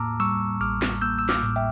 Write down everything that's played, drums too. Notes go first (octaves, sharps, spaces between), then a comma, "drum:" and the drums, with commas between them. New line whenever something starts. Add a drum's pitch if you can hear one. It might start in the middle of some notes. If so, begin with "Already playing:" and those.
Already playing: A2 A#3 A5 A#5 D6 E6 F6
G3 C#6 E6
A1 D6 F6
drum: snare
A#3 E6 G6
E6
D6 F6, drum: snare
A2
E5 G5